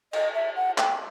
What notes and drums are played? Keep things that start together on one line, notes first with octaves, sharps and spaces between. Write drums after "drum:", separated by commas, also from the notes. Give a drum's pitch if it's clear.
D#5, drum: cymbal
E5
F#5
G5, drum: clap